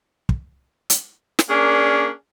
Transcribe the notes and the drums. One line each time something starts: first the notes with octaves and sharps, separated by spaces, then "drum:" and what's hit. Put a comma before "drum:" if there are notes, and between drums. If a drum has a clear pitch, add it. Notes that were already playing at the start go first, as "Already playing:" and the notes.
drum: kick
drum: hi-hat
drum: snare
A#3 C#4 D4 G#4 A#4 D5